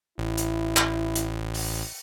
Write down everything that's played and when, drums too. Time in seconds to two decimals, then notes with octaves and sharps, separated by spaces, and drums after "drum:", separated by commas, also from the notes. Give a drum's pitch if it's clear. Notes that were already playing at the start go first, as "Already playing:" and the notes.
0.18 A1 E4
0.38 drum: hi-hat
0.77 drum: clap
1.15 drum: hi-hat
1.54 drum: open hi-hat